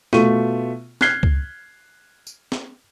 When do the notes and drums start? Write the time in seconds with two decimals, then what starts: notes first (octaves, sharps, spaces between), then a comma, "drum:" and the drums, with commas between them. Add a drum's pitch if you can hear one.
0.13 B2 A3 F4 C#6 D#7, drum: snare
1.01 F6 F#6 G#6 B6 C7 G7, drum: snare
1.23 drum: kick C#2
2.27 drum: tambourine
2.52 drum: snare